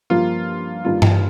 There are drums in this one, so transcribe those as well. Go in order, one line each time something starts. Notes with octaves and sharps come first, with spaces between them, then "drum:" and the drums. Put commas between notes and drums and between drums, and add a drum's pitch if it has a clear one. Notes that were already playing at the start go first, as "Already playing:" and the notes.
G2 F3 A#3 F4
G2 D#3 A#3 F4
drum: tom G2